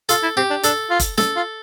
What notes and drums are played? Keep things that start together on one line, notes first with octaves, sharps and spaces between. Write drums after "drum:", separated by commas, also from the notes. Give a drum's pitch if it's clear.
F4 A4, drum: hi-hat
E4
C4 G4
D4
D4 A4, drum: hi-hat
F4
drum: kick, hi-hat
A4, drum: snare
F4